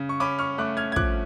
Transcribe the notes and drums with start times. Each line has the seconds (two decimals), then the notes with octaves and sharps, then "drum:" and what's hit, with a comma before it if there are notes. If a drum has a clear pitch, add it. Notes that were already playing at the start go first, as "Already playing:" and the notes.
Already playing: C#3
0.09 C#6
0.20 C#4 B5 D6
0.39 C#6 F6
0.58 A3 D6 F#6
0.77 F6 G#6
0.92 G#6
0.96 F3 D6 F#6, drum: kick